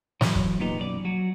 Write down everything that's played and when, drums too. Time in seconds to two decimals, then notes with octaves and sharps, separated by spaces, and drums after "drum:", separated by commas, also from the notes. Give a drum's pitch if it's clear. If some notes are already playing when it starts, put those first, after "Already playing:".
0.21 E3 F#3, drum: snare
0.35 drum: kick
0.59 A#2 B3 D#4 G4
0.78 F#2 B2 D5
1.05 F#3 F#4